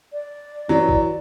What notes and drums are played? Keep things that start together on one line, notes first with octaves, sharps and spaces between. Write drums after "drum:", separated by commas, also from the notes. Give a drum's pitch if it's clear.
D5
E3 F#3
drum: kick A#1